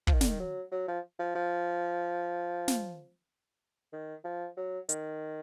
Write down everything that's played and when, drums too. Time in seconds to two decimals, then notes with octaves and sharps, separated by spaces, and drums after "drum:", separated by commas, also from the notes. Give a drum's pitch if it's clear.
0.07 F3, drum: kick
0.14 D#3
0.21 D3, drum: snare
0.28 D#3
0.40 F#3
0.72 F#3
0.88 F3
1.19 F3
1.35 F3
2.68 drum: snare
3.92 D#3
4.24 F3
4.57 F#3
4.89 D#3, drum: hi-hat